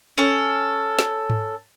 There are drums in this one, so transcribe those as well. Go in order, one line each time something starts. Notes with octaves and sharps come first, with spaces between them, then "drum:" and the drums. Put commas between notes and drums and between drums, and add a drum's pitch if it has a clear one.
C#4 A4
drum: snare
drum: tom G#2